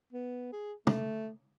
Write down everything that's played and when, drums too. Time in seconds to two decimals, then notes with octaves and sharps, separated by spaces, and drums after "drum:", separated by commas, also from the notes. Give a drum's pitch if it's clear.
0.13 B3
0.53 G#4
0.87 A3, drum: tom